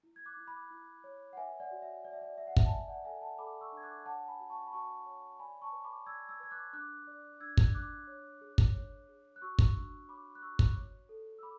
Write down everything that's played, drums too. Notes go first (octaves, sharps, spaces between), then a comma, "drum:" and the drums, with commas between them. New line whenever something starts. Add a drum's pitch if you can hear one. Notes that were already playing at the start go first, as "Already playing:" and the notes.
E4
G#6
D6 F#6
E4
B5 D6
E4
C#5
F#5
B4 E5 G#5
D5 F#5
F#4
E5
D5
E5
D5
B4 E5
F#5
E5, drum: kick
A5
D5 E5 G#5
D5 F#5
A4 E5 G#5
F#5 A5
A4 B5 D6
C#6 E6
D4
G#6
D6 F#6
C#5 F#5 A5
G#5 B5
F#4
A5 C#6
B5
F#4 A5 C#6
C#5
D5 G#5 B5
A5 C#6
B4
B5 D6
D5 E6 G#6
E6 G#6
B4 G#6
D6 F#6
D4 D6 F#6
D5
D4 E6 G#6
drum: kick
D4 D6 F#6
C#5
G#4
drum: kick
C#5
G#4
F#6
F#4 C#6 E6
drum: kick
D4
C#5 B5 D6
F#6
F#4 C#6 E6
drum: kick
C#5
A4
E6
B5 D6